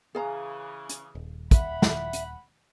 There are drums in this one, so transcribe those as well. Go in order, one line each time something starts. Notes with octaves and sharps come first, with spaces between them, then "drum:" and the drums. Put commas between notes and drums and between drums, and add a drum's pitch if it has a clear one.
C#3 E3 G#4 F5 A#5
drum: hi-hat
D#1
E5 F#5 B5, drum: kick, hi-hat
drum: snare
drum: hi-hat